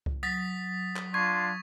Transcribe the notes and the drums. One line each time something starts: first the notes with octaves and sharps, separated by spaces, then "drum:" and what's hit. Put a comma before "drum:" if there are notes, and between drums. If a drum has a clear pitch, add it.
drum: kick C2
F#3 D#6 A6 B6
drum: clap
D4 F4 C6 C#6 G#6